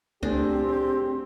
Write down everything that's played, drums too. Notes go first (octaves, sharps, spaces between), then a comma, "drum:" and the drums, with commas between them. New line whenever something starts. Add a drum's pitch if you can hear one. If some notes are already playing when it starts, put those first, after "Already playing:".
A2 F#3 G3 C4 D4 G4 G#4, drum: kick C#2